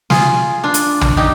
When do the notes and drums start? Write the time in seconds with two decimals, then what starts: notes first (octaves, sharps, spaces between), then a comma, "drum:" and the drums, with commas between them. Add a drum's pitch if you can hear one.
0.10 F4 G#4, drum: snare
0.64 D4 F4
0.74 drum: hi-hat
1.01 drum: tom
1.17 D#4 G4